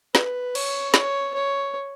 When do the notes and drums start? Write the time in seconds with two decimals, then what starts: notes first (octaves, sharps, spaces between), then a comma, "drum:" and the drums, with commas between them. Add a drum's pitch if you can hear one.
0.15 B4, drum: snare
0.55 C#5, drum: cymbal
0.94 C#5, drum: snare
1.34 C#5